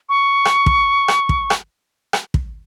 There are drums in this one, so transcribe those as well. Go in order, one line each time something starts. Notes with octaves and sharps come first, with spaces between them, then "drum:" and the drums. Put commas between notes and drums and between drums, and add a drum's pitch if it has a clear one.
C#6
drum: rim click
drum: kick
drum: rim click
drum: kick
drum: rim click
drum: rim click
drum: kick